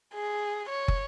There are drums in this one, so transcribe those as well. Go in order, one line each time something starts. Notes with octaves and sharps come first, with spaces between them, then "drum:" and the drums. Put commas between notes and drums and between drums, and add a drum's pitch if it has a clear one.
G#4
C#5
drum: kick